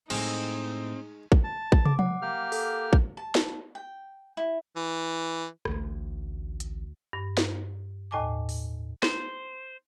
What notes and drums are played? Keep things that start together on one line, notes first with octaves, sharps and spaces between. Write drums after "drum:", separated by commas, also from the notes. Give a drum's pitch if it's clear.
A2 G#3 C4 D#4 A#5, drum: cymbal
drum: kick
A5
drum: kick
D6, drum: tom
F#5, drum: tom F3
A#3 G4 F6
A4 F#5, drum: open hi-hat
drum: kick
A5
drum: snare
G5
E4
E3
A1 D2, drum: rim click
drum: hi-hat
G2
drum: snare
D#2 A2 D#5 G#5 A5 D6
drum: open hi-hat
C5, drum: snare